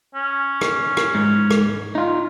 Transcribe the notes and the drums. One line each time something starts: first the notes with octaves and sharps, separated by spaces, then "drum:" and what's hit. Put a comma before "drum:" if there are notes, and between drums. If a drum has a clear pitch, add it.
C#4
drum: rim click
drum: rim click
G#2
drum: rim click
D#4 F4